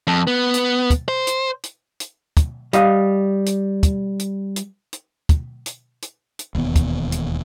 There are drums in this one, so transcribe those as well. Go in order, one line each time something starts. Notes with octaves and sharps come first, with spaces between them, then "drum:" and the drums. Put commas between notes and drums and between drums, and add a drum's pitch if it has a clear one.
F2
B3
drum: hi-hat
drum: kick, hi-hat
C5
drum: hi-hat
drum: hi-hat
drum: hi-hat
drum: kick, hi-hat
G3 D#5 F5, drum: hi-hat
drum: hi-hat
drum: kick, hi-hat
drum: hi-hat
drum: hi-hat
drum: hi-hat
drum: kick, hi-hat
drum: hi-hat
drum: hi-hat
drum: hi-hat
E1 D#2 B3
drum: kick, hi-hat
drum: hi-hat